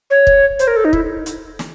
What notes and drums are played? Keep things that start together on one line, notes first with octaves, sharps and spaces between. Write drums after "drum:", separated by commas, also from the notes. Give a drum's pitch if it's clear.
C#5
drum: kick
C5, drum: hi-hat
A#4
A4
D#4
E4, drum: kick
drum: hi-hat
drum: snare